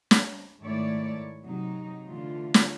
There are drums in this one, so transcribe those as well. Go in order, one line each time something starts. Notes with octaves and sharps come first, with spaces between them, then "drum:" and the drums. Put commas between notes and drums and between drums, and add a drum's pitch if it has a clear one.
drum: snare
G#2 D#3 A3 E4 C#5 D5
C3 F#3 D#4
D3 E3 A3 F4
drum: snare